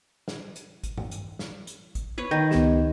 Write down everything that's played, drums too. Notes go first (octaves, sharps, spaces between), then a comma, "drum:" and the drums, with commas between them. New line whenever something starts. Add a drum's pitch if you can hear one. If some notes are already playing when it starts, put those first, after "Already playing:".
drum: snare
drum: hi-hat
drum: kick, hi-hat
drum: tom G2
drum: hi-hat
drum: snare
drum: hi-hat
drum: kick, hi-hat
B4 C#5
D#3 G6 A#6
C#2 B3 G4, drum: snare